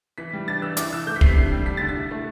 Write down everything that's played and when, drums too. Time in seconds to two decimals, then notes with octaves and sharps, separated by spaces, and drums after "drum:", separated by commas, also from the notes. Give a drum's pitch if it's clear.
0.18 E3 B6
0.33 G3
0.48 D4 A6
0.62 E3 E6
0.77 E4 D6, drum: hi-hat
0.93 E3 E6
1.07 A3 G6
1.16 B6
1.21 C3 C7, drum: kick
1.36 D3 C7
1.51 G3
1.66 D4 B6
1.77 D3 A6
1.88 B6
1.96 E4
2.11 A3